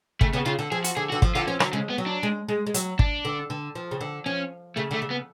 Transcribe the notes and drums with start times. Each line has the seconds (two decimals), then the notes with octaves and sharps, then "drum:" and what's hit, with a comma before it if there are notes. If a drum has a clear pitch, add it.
0.21 C#3 A3, drum: kick
0.33 C#3 B3
0.46 C#3 F4
0.59 D3
0.72 F3 G#4
0.84 F#4, drum: hi-hat
0.97 D3 G#4
1.10 D3 F#4
1.22 F3, drum: kick
1.35 D3 F4
1.47 F3 C#4
1.60 D3 F#3, drum: rim click
1.73 C#3 G#3
1.90 B3
1.98 F#3
2.06 D4
2.23 G#3
2.48 G#3
2.67 G#3
2.74 F#3, drum: hi-hat
2.99 D4, drum: kick
3.25 D3
3.50 D3
3.75 F3
3.91 C#3
4.01 D3
4.26 F3 C#4
4.76 C#3 A3
4.91 D3 A3
5.02 C#3
5.10 B3